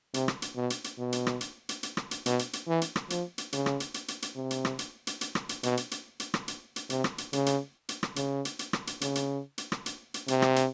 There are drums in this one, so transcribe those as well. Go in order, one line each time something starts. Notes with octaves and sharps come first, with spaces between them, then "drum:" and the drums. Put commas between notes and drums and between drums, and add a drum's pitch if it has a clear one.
C3, drum: hi-hat
drum: rim click
drum: hi-hat
B2
drum: hi-hat
drum: hi-hat
B2
drum: hi-hat
drum: rim click
drum: hi-hat
drum: hi-hat
drum: hi-hat
drum: rim click
drum: hi-hat
B2, drum: hi-hat
drum: hi-hat
drum: hi-hat
E3
drum: hi-hat
drum: rim click
F3, drum: hi-hat
drum: hi-hat
C#3, drum: hi-hat
drum: rim click
drum: hi-hat
drum: hi-hat
drum: hi-hat
drum: hi-hat
C3
drum: hi-hat
drum: rim click
drum: hi-hat
drum: hi-hat
drum: hi-hat
drum: rim click
drum: hi-hat
B2, drum: hi-hat
drum: hi-hat
drum: hi-hat
drum: hi-hat
drum: rim click
drum: hi-hat
drum: hi-hat
C3, drum: hi-hat
drum: rim click
drum: hi-hat
C#3, drum: hi-hat
drum: hi-hat
drum: hi-hat
drum: rim click
C#3, drum: hi-hat
drum: hi-hat
drum: hi-hat
drum: rim click
drum: hi-hat
C#3, drum: hi-hat
drum: hi-hat
drum: hi-hat
drum: rim click
drum: hi-hat
drum: hi-hat
C3, drum: hi-hat
drum: rim click
drum: hi-hat